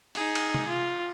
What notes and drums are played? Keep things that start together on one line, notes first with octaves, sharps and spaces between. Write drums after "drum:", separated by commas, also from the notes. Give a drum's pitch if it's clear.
D#4 G#4, drum: open hi-hat
drum: cymbal
drum: tom
F4